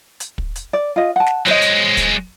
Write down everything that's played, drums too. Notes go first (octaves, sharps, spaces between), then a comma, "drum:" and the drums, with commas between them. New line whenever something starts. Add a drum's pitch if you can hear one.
drum: hi-hat
drum: kick
drum: hi-hat
D5
F4 D#5
F#5 A5
drum: snare
F#3 G#3 C5 C#5 D#5, drum: snare
drum: hi-hat
drum: kick, hi-hat